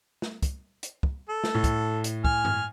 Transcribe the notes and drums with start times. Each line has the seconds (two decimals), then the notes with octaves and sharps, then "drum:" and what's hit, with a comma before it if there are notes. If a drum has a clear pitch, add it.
0.22 drum: snare
0.42 drum: kick, hi-hat
0.83 drum: hi-hat
1.03 drum: kick
1.29 A4
1.44 drum: snare
1.54 A2
1.64 drum: kick, hi-hat
2.04 drum: hi-hat
2.25 G#5 F6, drum: kick
2.45 drum: tom G2